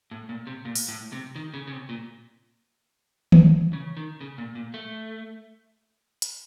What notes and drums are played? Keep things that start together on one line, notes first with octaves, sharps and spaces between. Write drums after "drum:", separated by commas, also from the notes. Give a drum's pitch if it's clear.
A2
A#2
C3
A#2
drum: open hi-hat
A2
C3
D#3
C#3
C#3
C3
A#2
drum: tom D#3
C#3
D#3
C#3
A#2
A#2
A3
drum: hi-hat